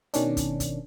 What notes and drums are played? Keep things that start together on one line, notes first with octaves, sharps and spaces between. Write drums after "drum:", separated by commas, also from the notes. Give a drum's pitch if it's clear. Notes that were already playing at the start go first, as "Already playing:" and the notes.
B2 D#3 C#4 D4, drum: hi-hat
drum: kick, hi-hat
drum: kick, hi-hat